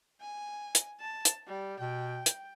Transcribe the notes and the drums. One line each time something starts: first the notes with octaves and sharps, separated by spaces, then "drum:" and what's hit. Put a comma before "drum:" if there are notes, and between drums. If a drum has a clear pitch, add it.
G#5
drum: hi-hat
A5
drum: hi-hat
G3
B2 G5
drum: hi-hat